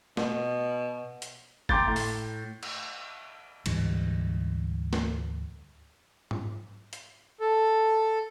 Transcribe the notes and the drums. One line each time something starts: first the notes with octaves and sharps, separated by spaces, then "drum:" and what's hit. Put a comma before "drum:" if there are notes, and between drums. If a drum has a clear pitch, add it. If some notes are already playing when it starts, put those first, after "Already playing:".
B2, drum: snare
drum: hi-hat
G5 A#5 C6 D6 G6 A6, drum: kick G1
A2
drum: open hi-hat
drum: cymbal
D2 G#2 E3 G3, drum: cymbal
drum: snare
drum: tom G#2
drum: hi-hat
A4